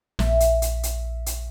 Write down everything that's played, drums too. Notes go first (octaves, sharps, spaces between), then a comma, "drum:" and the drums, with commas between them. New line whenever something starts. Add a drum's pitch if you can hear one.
A#1 E5, drum: snare
drum: hi-hat
drum: hi-hat
drum: hi-hat
drum: hi-hat